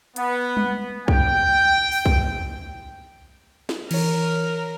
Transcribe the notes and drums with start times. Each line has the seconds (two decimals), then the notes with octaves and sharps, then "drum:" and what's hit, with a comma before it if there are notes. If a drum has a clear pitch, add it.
0.16 B3, drum: hi-hat
0.57 drum: tom G3
1.08 G5, drum: kick B1
1.92 drum: open hi-hat
2.06 drum: kick B1
3.69 drum: snare
3.91 E3 A#4 C#5, drum: cymbal